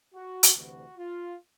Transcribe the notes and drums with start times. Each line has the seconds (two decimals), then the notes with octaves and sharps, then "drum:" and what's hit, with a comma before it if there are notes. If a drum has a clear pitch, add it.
0.14 F#4
0.43 drum: hi-hat
0.56 D2 C3 E3 F#4
0.98 F4